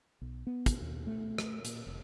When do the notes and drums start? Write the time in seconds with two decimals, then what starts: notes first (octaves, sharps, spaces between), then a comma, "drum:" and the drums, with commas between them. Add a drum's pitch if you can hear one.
0.21 B1
0.47 B3
0.66 drum: kick, hi-hat
0.81 D#2
1.07 A3
1.38 drum: rim click
1.65 A#2, drum: hi-hat
1.87 F1